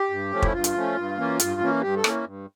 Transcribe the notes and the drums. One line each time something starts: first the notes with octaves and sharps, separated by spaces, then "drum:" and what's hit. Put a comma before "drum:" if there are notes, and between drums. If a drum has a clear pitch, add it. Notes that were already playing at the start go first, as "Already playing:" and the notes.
Already playing: G4
G2
F3 A3 C#4
E4, drum: kick
G2 F4
drum: hi-hat
F3 A3 C#4
G2
E3 A#3 C#4
G2, drum: hi-hat
E3 A#3 C#4
G2 G4
A4
E3 A#3 C#4, drum: rim click
G2